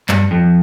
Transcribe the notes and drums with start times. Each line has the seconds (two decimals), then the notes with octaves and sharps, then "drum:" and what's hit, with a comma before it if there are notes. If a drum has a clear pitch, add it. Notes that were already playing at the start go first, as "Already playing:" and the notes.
0.09 G2, drum: clap
0.31 F2